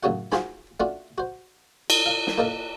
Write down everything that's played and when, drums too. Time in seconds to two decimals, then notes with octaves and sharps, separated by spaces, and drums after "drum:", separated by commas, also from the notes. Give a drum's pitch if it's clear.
0.03 A1 F#2 C#3 C#4 F#4 F#5
0.32 F4 F#4 G#4 C5 G#5 B5, drum: snare
0.80 A3 C#4 D4 F4 F#4
1.18 F#4 C5
1.90 drum: cymbal
2.06 F5
2.27 drum: snare
2.38 A#3 D#4 A4 A#4